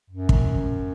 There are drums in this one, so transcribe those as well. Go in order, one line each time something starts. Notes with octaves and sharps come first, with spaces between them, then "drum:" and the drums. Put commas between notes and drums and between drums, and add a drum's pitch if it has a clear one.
F#2
drum: kick